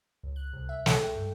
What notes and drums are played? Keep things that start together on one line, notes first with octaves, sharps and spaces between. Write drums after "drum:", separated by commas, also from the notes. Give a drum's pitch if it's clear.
C#2
F#6
C2
E5
A4, drum: snare
G5
G2